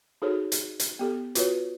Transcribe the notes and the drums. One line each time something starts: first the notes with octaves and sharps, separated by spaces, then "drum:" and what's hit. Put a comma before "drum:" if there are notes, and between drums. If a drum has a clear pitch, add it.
D#4 F#4 G#4 A4 C5 C#5
drum: hi-hat
drum: hi-hat
B3 G4 A4
F4 F#4 B4 C#5, drum: hi-hat